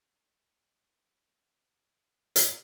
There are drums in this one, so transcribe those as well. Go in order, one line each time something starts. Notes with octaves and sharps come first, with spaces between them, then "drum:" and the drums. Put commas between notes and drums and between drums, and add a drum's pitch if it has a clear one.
A#3 B4 D5
A3
F3
drum: hi-hat